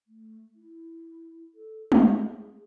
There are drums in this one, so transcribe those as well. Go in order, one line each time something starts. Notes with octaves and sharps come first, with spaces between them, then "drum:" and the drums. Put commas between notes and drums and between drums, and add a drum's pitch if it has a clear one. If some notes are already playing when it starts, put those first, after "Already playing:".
A3
E4
A4
G#4, drum: tom